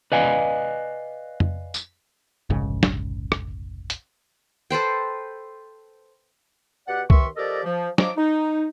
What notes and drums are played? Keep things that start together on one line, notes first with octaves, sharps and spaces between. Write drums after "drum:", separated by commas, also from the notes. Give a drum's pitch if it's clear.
B4 D5 D#5 F5 G#5
drum: tom F2
drum: tambourine
F1 A#1 G#2 C#3
drum: snare
drum: rim click
drum: hi-hat
A4 B4 C5 G5
B2 G4 D5 F#5
D#2 D#3 B4 E5 C6 C#6, drum: kick C2
F3 G4 A4 A#4 D5 D#5
F3
F3 F#3 D#5 D6, drum: snare
D#4